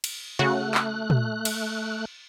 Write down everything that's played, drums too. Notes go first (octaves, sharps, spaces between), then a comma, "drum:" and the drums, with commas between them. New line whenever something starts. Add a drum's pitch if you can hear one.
drum: cymbal
C#3 A3 F#4 F#6
drum: clap
drum: tom A#2
drum: cymbal